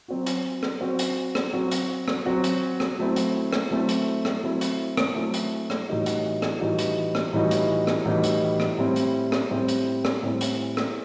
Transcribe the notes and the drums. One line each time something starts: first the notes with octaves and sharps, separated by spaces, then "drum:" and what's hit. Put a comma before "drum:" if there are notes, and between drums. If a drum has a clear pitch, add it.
F#3 C4 F#4
drum: hi-hat
drum: rim click
F#3 C4 F#4
drum: hi-hat
drum: rim click
F#3 C4 F#4
drum: hi-hat
drum: rim click
F#3 C4 F#4
drum: hi-hat
drum: rim click
F#3 A3 C4 E4
drum: hi-hat
drum: rim click
F#3 A3 C4 E4
drum: hi-hat
drum: rim click
F#3 A3 C4 E4
drum: hi-hat
drum: rim click
F#3 A3 C4 E4
drum: hi-hat
drum: rim click
A2 E3 G3 D#4 F#4
drum: hi-hat
drum: rim click
A2 E3 G3 D#4 F#4
drum: hi-hat
drum: rim click
A2 E3 G3 D#4 F#4
drum: hi-hat
drum: rim click
A2 E3 G3 D#4 F#4
drum: hi-hat
drum: rim click
A2 G3 C4 E4
drum: hi-hat
drum: rim click
A2 G3 C4 E4
drum: hi-hat
drum: rim click
A2 G3 C4 E4
drum: hi-hat
drum: rim click